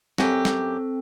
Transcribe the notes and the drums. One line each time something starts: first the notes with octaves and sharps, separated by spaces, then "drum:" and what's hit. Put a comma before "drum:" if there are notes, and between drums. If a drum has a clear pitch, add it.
F#2 C4 G4 A4, drum: snare
drum: snare